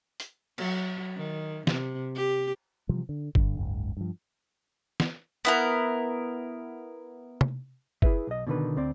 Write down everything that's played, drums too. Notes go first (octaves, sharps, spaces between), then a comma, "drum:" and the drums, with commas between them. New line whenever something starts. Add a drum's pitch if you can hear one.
drum: hi-hat
F#3, drum: cymbal
D#3
C3, drum: snare
G4
C3 E3 F3 G3
D3
G2 D3, drum: kick F#1
F#1 C#2 G#2
G2 F3
drum: snare
B3 E4 A#4
drum: tom
E4 G#4 B4 E5, drum: kick F#1
B1 D#5
B2 D3 D#3 B4
D2 C4 D5